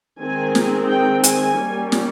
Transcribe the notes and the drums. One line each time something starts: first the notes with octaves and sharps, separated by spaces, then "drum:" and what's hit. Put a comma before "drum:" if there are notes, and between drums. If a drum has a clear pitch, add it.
D#3 G#3 C4 G#5
drum: snare
G5
G#5, drum: hi-hat
G3 A#3 C#4
drum: snare